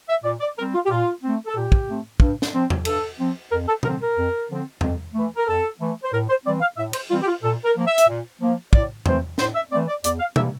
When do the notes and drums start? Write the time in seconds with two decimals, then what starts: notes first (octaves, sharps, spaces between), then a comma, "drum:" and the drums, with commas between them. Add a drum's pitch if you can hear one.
0.09 E5
0.24 A#2 D5
0.41 D5
0.57 G3 C4 A#4
0.73 F4
0.85 G4
0.90 A#2 F4
1.22 A3 C4
1.46 A4
1.55 A#2 G4
1.72 drum: kick
1.88 A3 C4
2.20 G2, drum: kick
2.42 drum: snare
2.53 F3 C4
2.70 drum: tom E2
2.85 G2 A4, drum: cymbal
3.18 F3 C4
3.51 F2 A#4
3.67 A4
3.83 D3 F3 C4 A#4, drum: tom B2
4.00 A#4
4.16 F2
4.49 D3 F3 C4
4.81 F2, drum: tom E2
5.14 E3 A3
5.36 A#4
5.47 F2 A4
5.79 E3 A3
6.03 C5
6.12 A2 A#4
6.28 C5
6.45 E3 G3 C4 D5
6.60 F5
6.77 A2 E5
6.93 C5, drum: cymbal
7.10 E3 G3 C4 F4
7.21 G4
7.27 F4
7.43 A#2 A4
7.64 A#4
7.75 F3 A#3
7.86 E5
7.98 drum: hi-hat
8.07 A#2
8.40 F3 A#3
8.73 A2 D5, drum: kick
9.06 E3 A3 C4 C5, drum: tom E2
9.38 A2 C5, drum: snare
9.54 E5
9.71 E3 A3 C4 D5
9.88 D5
10.04 E2 D5, drum: hi-hat
10.19 F5
10.36 C3 E3 G3 A#3 E5, drum: tom B2